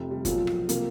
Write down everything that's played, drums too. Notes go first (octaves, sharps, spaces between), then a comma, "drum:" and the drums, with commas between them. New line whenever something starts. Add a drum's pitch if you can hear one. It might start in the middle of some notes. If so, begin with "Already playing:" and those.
Already playing: F1 F2 C3
G3
B1 A#2 F3, drum: kick G1, hi-hat
drum: rim click
C3 F3 A#3, drum: hi-hat